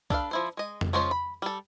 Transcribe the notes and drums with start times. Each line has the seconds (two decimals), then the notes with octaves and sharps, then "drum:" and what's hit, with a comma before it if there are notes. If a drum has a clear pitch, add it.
0.10 D4 A4 B4 F5, drum: kick C2
0.31 F3 E4 C5
0.57 G#3 D#5
0.81 drum: tom F2
0.93 F3 G#3 C#4 F4 C5
1.11 B5
1.42 G3 A4